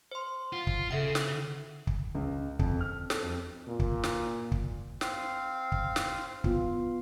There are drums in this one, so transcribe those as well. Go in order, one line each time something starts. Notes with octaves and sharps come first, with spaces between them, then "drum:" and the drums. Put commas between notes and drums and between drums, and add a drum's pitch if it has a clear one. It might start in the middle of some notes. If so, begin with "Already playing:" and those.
C5 C6
F4 F#5
drum: kick
C#3 A4 E5 F#5
drum: snare
drum: kick
C#2
F2, drum: kick
F6
A4, drum: snare
F2
A#2
drum: kick
drum: snare
drum: kick
C4 F5, drum: snare
drum: kick
drum: snare
B3 F4, drum: kick